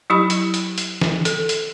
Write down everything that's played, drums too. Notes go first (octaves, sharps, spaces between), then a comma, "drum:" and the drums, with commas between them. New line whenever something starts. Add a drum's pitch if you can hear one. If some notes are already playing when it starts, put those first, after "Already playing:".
F#3 E4 G4 B5
drum: hi-hat
drum: hi-hat
drum: hi-hat
drum: snare
A4, drum: hi-hat
drum: hi-hat